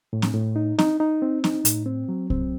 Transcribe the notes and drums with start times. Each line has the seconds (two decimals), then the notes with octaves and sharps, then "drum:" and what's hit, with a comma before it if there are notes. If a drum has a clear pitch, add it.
0.13 A2
0.22 drum: snare C4
0.34 A2
0.56 D#4
0.79 D#4, drum: snare C4
1.00 D#4
1.22 C4
1.44 D#4, drum: snare C4
1.65 A2, drum: hi-hat
1.86 C4
2.09 F#3
2.30 C4, drum: kick C2